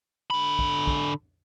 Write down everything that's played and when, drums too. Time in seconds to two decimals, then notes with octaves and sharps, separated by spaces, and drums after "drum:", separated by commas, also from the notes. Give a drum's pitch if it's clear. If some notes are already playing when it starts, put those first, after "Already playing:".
0.30 D3 B5
0.59 drum: kick
0.87 drum: kick